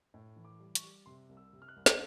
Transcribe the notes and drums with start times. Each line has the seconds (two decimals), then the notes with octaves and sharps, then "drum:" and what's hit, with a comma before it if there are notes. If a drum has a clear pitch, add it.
0.14 A2
0.36 E3
0.45 D6
0.60 G3
0.75 C#6, drum: hi-hat
0.84 G3
1.06 C3 C6
1.29 C2
1.37 E6
1.53 C3
1.62 F6
1.68 F#6
1.76 C2
1.86 drum: snare